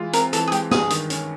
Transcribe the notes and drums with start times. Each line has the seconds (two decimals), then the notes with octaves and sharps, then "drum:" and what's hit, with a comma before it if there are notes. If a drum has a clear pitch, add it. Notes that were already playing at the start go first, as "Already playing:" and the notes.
Already playing: E3 G#3 F4
0.13 C4 A#4, drum: hi-hat
0.33 E3 A4, drum: hi-hat
0.47 G#4
0.52 G#3 G4, drum: hi-hat
0.71 G2 G#4, drum: snare
0.90 D#3, drum: hi-hat
1.10 C#4, drum: hi-hat